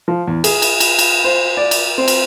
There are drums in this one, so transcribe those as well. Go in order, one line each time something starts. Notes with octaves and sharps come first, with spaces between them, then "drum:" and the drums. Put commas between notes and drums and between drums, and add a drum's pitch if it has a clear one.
F3
E2
G#4, drum: cymbal
drum: cymbal
drum: cymbal
drum: cymbal
C5
D5
drum: cymbal
C4
drum: cymbal